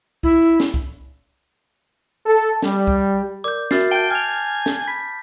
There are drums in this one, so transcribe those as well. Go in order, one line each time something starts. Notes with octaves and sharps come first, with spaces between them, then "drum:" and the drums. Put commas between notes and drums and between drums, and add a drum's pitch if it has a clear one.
E4, drum: kick C2
drum: snare
drum: kick C2
A4
G3, drum: snare
drum: kick C2
A#4 D5 D6 G6
F#4 A#4 E5 F6 A6 C7, drum: snare
G5 A5 G6
G#5 F6 F7
drum: snare
B5 B6